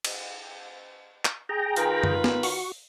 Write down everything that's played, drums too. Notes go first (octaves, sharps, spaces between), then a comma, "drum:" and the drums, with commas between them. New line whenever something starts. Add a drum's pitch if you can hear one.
drum: cymbal
drum: clap
G#4 G5 A#5
D#3 F4 B4, drum: hi-hat
drum: tom F#2
drum: snare B3
F#4 C#6, drum: open hi-hat